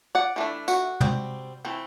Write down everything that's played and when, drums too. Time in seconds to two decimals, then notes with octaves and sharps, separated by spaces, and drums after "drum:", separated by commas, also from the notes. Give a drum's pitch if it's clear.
0.15 D5 F#5
0.36 E3 A3 D4
0.68 F#4, drum: tambourine
1.00 G3 C4, drum: tom
1.65 E3 A3 C4